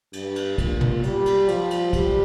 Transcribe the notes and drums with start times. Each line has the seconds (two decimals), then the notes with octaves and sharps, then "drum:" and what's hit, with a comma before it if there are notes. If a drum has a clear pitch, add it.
0.13 G2, drum: cymbal
0.36 drum: cymbal
0.58 A#2, drum: kick, cymbal
0.81 drum: tom
1.03 G3, drum: cymbal
1.26 drum: cymbal
1.48 F3, drum: cymbal
1.71 drum: cymbal
1.93 G3, drum: kick, cymbal